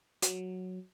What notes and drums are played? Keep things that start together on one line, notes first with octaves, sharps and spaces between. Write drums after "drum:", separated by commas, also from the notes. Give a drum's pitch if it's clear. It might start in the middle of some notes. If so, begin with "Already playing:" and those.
F#3, drum: hi-hat